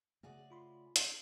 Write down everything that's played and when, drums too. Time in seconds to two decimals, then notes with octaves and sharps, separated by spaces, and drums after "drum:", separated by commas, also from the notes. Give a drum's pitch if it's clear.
0.23 C#3 A3 F#4 G#4 D5
0.51 F4 B5 C6
0.96 drum: hi-hat